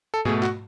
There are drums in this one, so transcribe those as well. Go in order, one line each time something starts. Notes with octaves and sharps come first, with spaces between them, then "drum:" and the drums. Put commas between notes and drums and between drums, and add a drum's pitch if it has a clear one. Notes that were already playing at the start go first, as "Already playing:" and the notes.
A4
B2 A3 G#4, drum: tom G#2
F#4, drum: clap